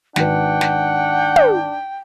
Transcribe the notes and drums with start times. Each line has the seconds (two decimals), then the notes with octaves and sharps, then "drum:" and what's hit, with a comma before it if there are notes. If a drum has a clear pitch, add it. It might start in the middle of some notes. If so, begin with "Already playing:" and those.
0.16 G#1 D4 B4 F#5 G5, drum: snare
0.61 drum: snare
1.36 drum: tom